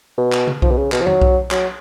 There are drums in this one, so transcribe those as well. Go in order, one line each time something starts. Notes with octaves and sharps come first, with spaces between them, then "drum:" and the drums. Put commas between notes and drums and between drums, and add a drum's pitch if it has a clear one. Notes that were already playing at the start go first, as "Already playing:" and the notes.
B2
drum: clap
drum: tom C#3
F3, drum: kick B1
B2
C#3
B2, drum: clap
F3
F#3, drum: tom E2
drum: kick B1
F#3, drum: clap